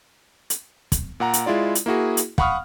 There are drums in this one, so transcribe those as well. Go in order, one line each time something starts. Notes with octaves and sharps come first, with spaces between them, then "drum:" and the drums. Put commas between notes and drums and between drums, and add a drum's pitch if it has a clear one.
drum: hi-hat
drum: kick, hi-hat
A#2 F#5 A#5
drum: hi-hat
G#3 E4 F4 D5
drum: hi-hat
A#3 E4 F#4 G#4
drum: hi-hat
F5 F#5 B5 C#6 D#6 F6, drum: kick